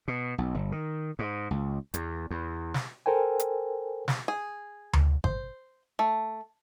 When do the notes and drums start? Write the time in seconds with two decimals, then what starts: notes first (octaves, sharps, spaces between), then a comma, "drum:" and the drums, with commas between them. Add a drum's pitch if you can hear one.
0.08 B2
0.38 B1
0.55 G1
0.72 D#3
1.19 G#2
1.51 C#2
1.94 E2, drum: hi-hat
2.30 E2
2.74 drum: snare
3.06 A4 A#4 C5 G5 G#5
3.39 drum: hi-hat
4.08 drum: snare
4.28 G#4
4.93 drum: tom D2
5.24 C5, drum: kick G#1
5.99 A3